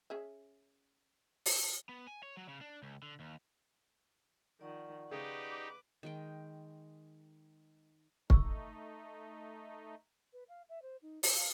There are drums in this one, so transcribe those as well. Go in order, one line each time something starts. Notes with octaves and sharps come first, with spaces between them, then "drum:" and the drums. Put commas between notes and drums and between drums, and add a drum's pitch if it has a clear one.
C#4 G#4 E5
drum: open hi-hat
B3
G#5
C#5
F#3
C#3
D4
C#2
D3
D#2
D#3 F3 D5 F#5 C#6
C#3 D#4 G4 B4 D6
D#3 G#3 G5
A3 D#4 C#6 E6, drum: kick
B4
F5
E5
C5
D#4
C5, drum: open hi-hat
F5